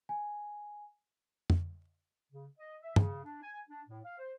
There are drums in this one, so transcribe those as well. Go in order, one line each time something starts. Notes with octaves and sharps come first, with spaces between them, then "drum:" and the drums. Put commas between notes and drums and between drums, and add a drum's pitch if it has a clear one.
G#5
drum: tom
C#3
D#5
E5
C#3, drum: tom
D4
G#5
D4
A2
F5
C5